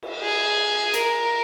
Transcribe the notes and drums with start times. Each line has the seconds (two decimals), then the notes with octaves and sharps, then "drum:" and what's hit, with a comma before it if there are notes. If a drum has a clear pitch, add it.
0.03 drum: cymbal
0.23 G#4
0.94 A#4, drum: hi-hat